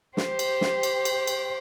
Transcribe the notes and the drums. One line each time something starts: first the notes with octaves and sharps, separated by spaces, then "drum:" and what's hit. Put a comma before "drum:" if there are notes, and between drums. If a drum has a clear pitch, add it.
G4 C5, drum: snare
drum: cymbal
drum: snare
drum: cymbal
drum: cymbal
drum: cymbal